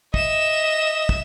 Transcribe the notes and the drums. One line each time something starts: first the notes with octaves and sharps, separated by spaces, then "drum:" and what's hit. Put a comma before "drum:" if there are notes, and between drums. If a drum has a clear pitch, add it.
D#5 E5 E7, drum: kick
drum: kick